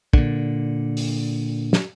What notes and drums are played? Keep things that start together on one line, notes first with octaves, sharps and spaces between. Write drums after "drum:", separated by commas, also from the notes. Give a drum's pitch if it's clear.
A#2 D3, drum: kick
drum: open hi-hat
drum: snare